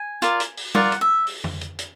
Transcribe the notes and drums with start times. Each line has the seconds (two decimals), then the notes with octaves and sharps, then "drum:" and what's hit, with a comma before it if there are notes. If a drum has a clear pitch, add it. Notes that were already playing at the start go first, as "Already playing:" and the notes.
Already playing: G#5
0.22 F4 A#4 D5, drum: hi-hat
0.40 drum: hi-hat
0.57 drum: open hi-hat
0.75 F4 A#4 D5 F#5, drum: tom G3
0.92 drum: hi-hat
1.01 E5
1.27 drum: open hi-hat
1.44 drum: tom F2
1.61 drum: hi-hat
1.79 drum: hi-hat